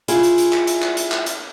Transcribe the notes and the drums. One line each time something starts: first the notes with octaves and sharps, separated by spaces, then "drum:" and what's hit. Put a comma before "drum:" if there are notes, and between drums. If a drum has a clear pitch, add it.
E4 F4 G#4, drum: hi-hat
drum: hi-hat
drum: hi-hat
drum: clap
drum: hi-hat
drum: clap
drum: hi-hat
drum: clap
drum: hi-hat